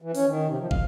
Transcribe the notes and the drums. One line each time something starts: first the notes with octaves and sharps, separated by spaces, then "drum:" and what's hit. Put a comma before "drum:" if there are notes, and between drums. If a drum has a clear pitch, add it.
E3
C#4, drum: open hi-hat
D#3
C3
F3
F5, drum: kick